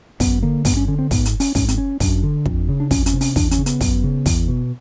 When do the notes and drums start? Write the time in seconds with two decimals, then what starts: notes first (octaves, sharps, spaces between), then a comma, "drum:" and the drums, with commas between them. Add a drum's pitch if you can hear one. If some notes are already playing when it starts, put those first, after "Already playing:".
0.20 F#2 B3, drum: kick, open hi-hat
0.43 D3 A#3
0.65 G2 B3, drum: kick, open hi-hat
0.77 C#4
0.88 D3 C#4
0.99 C4
1.11 G#2 B3, drum: kick, open hi-hat
1.25 drum: hi-hat
1.40 C#4, drum: open hi-hat
1.55 G#2 C#4, drum: kick, open hi-hat
1.68 C4, drum: hi-hat
1.78 C#4
2.00 F#2 D4, drum: kick, open hi-hat
2.23 D3
2.46 F2, drum: kick
2.69 C#3
2.80 D4
2.91 F2 C#4, drum: kick, open hi-hat
3.06 C#4, drum: hi-hat
3.13 C3
3.21 C#4, drum: open hi-hat
3.36 E2 D4, drum: kick, open hi-hat
3.51 C#4, drum: hi-hat
3.58 C#3
3.66 B3, drum: hi-hat
3.81 F#2, drum: kick, open hi-hat
4.04 C#3
4.26 E2, drum: kick, open hi-hat
4.48 B2